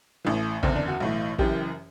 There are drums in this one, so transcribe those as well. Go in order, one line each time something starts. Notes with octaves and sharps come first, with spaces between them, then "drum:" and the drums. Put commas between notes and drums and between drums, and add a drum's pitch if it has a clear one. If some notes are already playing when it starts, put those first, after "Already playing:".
A1 A2 E3
F#1 E2 D3 C4, drum: kick
D4
F#4
B1 A2 E3
F#1 F#2 E3 G4, drum: kick